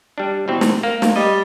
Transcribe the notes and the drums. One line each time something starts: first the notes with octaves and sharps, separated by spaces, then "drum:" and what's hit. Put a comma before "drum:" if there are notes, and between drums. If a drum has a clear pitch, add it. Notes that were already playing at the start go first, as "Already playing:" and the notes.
G3 D4
B2 E3 C4
drum: snare
A#3
drum: snare
G3 D#5